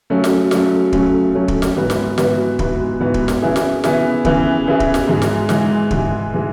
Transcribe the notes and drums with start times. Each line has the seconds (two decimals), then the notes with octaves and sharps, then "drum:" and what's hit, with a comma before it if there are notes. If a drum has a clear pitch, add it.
0.10 C#3 F#3 A3 C#4
0.24 drum: snare
0.51 C#3 F#3 A3 C#4, drum: snare
0.93 C#3 F#3 A3 C#4, drum: kick
1.34 C#3 F#3 A3 C#4
1.48 drum: kick
1.62 drum: snare
1.76 G#2 E3 B3 F#4 B4
1.90 drum: snare
2.18 G#2 E3 B3 F#4 B4, drum: snare
2.59 G#2 E3 B3 F#4 B4, drum: kick
3.00 G#2 E3 B3 F#4 B4
3.14 drum: kick
3.28 drum: snare
3.42 C#3 E3 B3 E4 G#4
3.56 drum: snare
3.84 C#3 E3 B3 E4 G#4, drum: snare
4.25 C#3 E3 B3 E4 G#4, drum: kick
4.66 C#3 E3 B3 E4 G#4
4.80 drum: kick
4.94 drum: snare
5.07 G#2 E3 G#3
5.22 drum: snare
5.49 G#2 E3 G#3, drum: snare
5.91 G#2 E3 G#3, drum: kick
6.34 E3 G#3